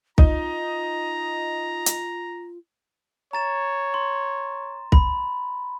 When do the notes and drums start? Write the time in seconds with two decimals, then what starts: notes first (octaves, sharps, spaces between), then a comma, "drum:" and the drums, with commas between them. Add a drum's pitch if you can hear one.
0.18 D#4 F4 A#5, drum: kick
1.86 drum: hi-hat
3.33 C#5 A#5 A6 E7
3.94 C6
4.92 B5, drum: kick